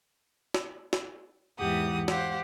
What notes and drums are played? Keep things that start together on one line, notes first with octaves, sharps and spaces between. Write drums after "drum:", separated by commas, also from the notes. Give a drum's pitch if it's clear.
drum: snare
drum: snare
E2 G#2 E3 G4 F#5 D#6
G4 C5 F5 F#5, drum: snare